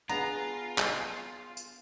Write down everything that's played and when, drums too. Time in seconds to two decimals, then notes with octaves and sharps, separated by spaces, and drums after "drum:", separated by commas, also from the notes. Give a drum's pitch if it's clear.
0.10 B3 D4 F4 G#4 A#5, drum: hi-hat
0.78 drum: clap
1.57 drum: tambourine